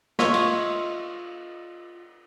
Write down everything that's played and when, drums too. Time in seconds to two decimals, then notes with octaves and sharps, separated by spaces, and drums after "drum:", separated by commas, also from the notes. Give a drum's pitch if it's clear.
0.19 F4 C#5 D#5 E5, drum: snare
0.34 drum: cymbal